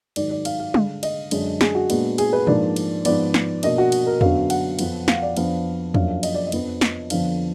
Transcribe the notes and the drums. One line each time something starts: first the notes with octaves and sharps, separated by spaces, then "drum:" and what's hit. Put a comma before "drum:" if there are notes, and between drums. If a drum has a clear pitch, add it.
G#2 D#3 F#3 D5, drum: cymbal
D5
F5, drum: cymbal
F5
D3 G#3 D4, drum: tom G3
D#5, drum: cymbal
F#2 D3 G#3 D4, drum: cymbal
G#4, drum: snare
F#4
A#2 G#3 B3 D4, drum: cymbal
G#4, drum: cymbal
B4
G#2 F3 A#3 D4 D5, drum: tom A#2
drum: cymbal
G#2 F3 B3 D5, drum: cymbal
drum: snare
B2 A#3 D4 D#5, drum: cymbal
F#4
drum: cymbal
A#4
F#2 D3 F#3 B3 D4 F5, drum: tom E2
F#5, drum: cymbal
F2 F3 B3, drum: cymbal
F5, drum: snare
D5
F2 F3 B3 D4 F5, drum: cymbal
F#2 F3 A#3 D4 F5, drum: tom E2
F5
D#5, drum: cymbal
D5
D#5
F2 F3 B3 D4, drum: cymbal
drum: snare
F2 D3 F3 B3 D4 F5, drum: cymbal